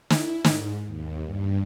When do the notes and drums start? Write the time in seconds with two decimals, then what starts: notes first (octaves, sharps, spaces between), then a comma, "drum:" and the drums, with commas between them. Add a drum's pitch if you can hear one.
0.10 E4, drum: snare
0.44 G#2, drum: snare
0.86 D#2
1.25 G2